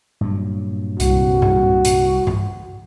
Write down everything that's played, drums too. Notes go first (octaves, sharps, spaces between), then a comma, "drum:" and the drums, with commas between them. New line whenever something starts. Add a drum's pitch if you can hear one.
G2 A#2 F#3
C2 F#4, drum: hi-hat
drum: tom G#2
drum: hi-hat
drum: tom G2